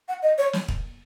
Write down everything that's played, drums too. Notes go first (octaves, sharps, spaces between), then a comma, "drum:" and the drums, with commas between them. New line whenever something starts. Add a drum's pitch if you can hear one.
F#5
D#5
C#5
drum: snare
drum: kick